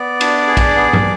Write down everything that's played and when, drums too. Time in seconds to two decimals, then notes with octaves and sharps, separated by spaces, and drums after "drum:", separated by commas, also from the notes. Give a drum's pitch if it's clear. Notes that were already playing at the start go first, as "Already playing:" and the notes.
Already playing: B3 D5
0.21 D4, drum: cymbal
0.48 G#4
0.57 drum: kick, cymbal
0.75 B3
0.93 drum: tom G2